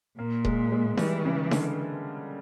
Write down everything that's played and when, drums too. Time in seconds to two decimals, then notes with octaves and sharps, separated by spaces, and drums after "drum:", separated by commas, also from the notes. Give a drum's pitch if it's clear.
0.18 A#2 A#3
0.45 G#3, drum: kick D#1
0.72 G#3
0.97 E3 G3, drum: snare D#4
1.25 C#3
1.51 D3, drum: snare D#4